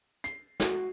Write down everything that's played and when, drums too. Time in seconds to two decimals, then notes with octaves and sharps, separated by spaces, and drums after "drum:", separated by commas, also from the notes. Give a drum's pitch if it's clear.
0.24 C7, drum: hi-hat
0.60 F#4, drum: snare